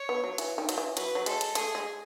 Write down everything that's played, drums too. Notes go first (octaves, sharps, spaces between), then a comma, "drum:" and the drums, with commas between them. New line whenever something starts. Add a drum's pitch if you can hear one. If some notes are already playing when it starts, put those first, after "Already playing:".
Already playing: C#5
B3
F#3
E3, drum: hi-hat
D#3
F#3, drum: hi-hat
E3
F#3 B4, drum: hi-hat
F#3
G#3 A4, drum: hi-hat
drum: hi-hat
A3 G#4, drum: hi-hat
G#3